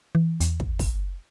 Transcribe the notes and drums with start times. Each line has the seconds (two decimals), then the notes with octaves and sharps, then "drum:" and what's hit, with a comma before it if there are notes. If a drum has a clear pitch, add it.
0.15 E3
0.40 E2, drum: hi-hat
0.60 drum: kick
0.79 drum: kick, open hi-hat